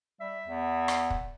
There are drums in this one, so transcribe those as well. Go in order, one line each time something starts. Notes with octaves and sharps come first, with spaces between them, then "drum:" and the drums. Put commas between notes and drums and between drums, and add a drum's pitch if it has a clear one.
G3 E5
E2
drum: rim click
drum: kick